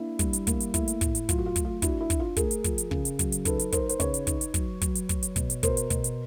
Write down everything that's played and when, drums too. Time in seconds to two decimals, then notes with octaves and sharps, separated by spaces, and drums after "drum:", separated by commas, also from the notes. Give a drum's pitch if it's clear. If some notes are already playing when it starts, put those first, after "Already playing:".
Already playing: A#3 D4 E4
0.19 G3, drum: kick, hi-hat
0.33 drum: hi-hat
0.47 A#3, drum: kick, hi-hat
0.60 drum: hi-hat
0.74 A3 E4, drum: kick, hi-hat
0.88 drum: hi-hat
1.01 A2, drum: kick, hi-hat
1.15 drum: hi-hat
1.29 F#3 F4, drum: kick, hi-hat
1.38 F#4
1.46 F4
1.56 A3, drum: kick, hi-hat
1.65 F4
1.82 D4 E4 F#4, drum: kick, hi-hat
2.01 E4
2.10 D4, drum: kick, hi-hat
2.20 F4
2.37 A3 G#4 A#4, drum: kick, hi-hat
2.51 drum: hi-hat
2.64 F3, drum: kick, hi-hat
2.78 drum: hi-hat
2.91 C#3, drum: kick
3.05 drum: hi-hat
3.19 F#3, drum: kick, hi-hat
3.32 drum: hi-hat
3.45 D#4 A4 B4, drum: kick, hi-hat
3.59 drum: hi-hat
3.72 D#4 A#4 C5, drum: kick, hi-hat
3.89 C5, drum: hi-hat
4.00 C#3 B4 C#5, drum: kick, hi-hat
4.14 drum: hi-hat
4.27 D#4, drum: kick, hi-hat
4.41 drum: hi-hat
4.54 F#3, drum: kick, hi-hat
4.81 F#3, drum: kick, hi-hat
4.95 drum: hi-hat
5.09 F#3, drum: kick, hi-hat
5.23 drum: hi-hat
5.36 B2, drum: kick, hi-hat
5.50 drum: hi-hat
5.63 B2 A#4 C5, drum: kick, hi-hat
5.77 drum: hi-hat
5.90 B2, drum: kick, hi-hat
6.04 drum: hi-hat